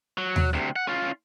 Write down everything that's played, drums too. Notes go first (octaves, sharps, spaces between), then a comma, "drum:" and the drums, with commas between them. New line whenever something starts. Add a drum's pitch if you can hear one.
F#3
drum: tom D#2
D2 C3
F#5
C#4 F4